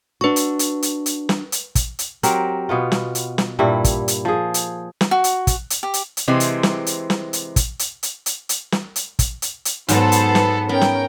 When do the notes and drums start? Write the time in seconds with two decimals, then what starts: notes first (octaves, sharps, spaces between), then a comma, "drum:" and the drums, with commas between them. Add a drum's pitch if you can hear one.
0.21 D4 F#4 B4 C#6
0.36 drum: hi-hat
0.59 drum: hi-hat
0.82 drum: hi-hat
1.06 drum: hi-hat
1.29 drum: snare
1.52 drum: hi-hat
1.75 drum: kick, hi-hat
1.99 drum: hi-hat
2.23 F#3 C4 G4 A#4, drum: hi-hat
2.69 B2 B3 F4
2.92 drum: snare
3.15 drum: hi-hat
3.38 drum: snare
3.59 G2 A#2 G3 E4
3.84 drum: kick, hi-hat
4.08 drum: hi-hat
4.25 F3 G#4
4.54 drum: hi-hat
5.01 drum: snare
5.11 F#4
5.24 drum: hi-hat
5.47 drum: kick, hi-hat
5.70 drum: hi-hat
5.83 G4
5.94 drum: hi-hat
6.17 drum: hi-hat
6.28 C3 E3 G#3 C4
6.40 drum: hi-hat
6.63 drum: snare
6.86 drum: hi-hat
7.10 drum: snare
7.33 drum: hi-hat
7.56 drum: kick, hi-hat
7.79 drum: hi-hat
8.03 drum: hi-hat
8.26 drum: hi-hat
8.49 drum: hi-hat
8.72 drum: snare
8.96 drum: hi-hat
9.19 drum: kick, hi-hat
9.42 drum: hi-hat
9.65 drum: hi-hat
9.88 G#2 F#3 B3 A4 C5, drum: hi-hat
10.12 drum: hi-hat
10.35 drum: snare
10.69 B3 C#4 A#4 G5
10.81 drum: snare